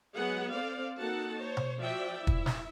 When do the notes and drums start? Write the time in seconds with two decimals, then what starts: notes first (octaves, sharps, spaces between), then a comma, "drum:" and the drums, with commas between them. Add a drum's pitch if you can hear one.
0.16 F#3 G#3 B3 G#4 F#5
0.52 C4 A4 C5 D5 F5
1.00 A#3 D#4 F#4 A4 F#5 A5
1.41 C5 C#5
1.57 drum: tom B2
1.81 F3 F#4 D5 E5 G5
2.17 E4 E5
2.27 drum: kick
2.46 drum: snare